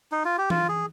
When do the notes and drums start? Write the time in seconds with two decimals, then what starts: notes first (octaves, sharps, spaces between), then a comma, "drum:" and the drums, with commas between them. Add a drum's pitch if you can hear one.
0.12 D#4
0.25 F4
0.38 G4
0.50 F4, drum: tom E3
0.69 G#4